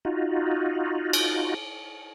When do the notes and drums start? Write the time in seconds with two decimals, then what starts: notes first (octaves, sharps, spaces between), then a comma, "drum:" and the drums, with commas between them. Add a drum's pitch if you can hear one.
0.05 D#4 F4 F#4
1.13 drum: cymbal